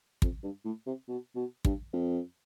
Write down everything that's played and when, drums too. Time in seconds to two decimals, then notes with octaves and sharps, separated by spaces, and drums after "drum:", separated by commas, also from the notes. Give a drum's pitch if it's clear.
0.22 F2, drum: kick
0.43 G2
0.65 A2
0.86 C3
1.08 B2
1.36 B2
1.65 G2, drum: kick
1.93 F2